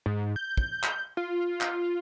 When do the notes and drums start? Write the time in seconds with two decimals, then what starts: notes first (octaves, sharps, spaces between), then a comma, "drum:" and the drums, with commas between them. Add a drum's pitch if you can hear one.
0.06 G#2
0.36 G6
0.57 drum: kick
0.83 drum: clap
1.17 F4
1.61 drum: clap